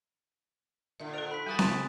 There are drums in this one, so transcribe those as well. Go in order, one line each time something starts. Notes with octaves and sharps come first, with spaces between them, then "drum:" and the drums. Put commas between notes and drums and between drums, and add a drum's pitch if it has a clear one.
A#2 D3 E5
A4 C5 D7 F7
B5 F#6 B6
G3 A#3 F#4 G#5 D#6 A6
F2 C#3 B3 C6 A6, drum: snare C4